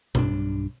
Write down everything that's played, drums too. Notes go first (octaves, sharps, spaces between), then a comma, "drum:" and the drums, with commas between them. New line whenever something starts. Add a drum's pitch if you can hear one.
B1 G2 D4, drum: tom B2